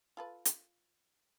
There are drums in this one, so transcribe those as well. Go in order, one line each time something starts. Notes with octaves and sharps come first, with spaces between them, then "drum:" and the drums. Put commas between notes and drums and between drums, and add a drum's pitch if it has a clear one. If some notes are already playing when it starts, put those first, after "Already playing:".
F4 A4 B4
drum: hi-hat